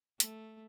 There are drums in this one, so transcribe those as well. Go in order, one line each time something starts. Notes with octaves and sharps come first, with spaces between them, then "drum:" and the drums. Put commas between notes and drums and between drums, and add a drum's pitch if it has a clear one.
A3, drum: hi-hat